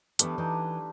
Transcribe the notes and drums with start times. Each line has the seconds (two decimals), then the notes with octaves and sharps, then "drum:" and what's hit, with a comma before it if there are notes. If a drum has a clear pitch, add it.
0.19 E3 G3 A3 B3 D4 B4, drum: hi-hat
0.38 E3 D4 D#4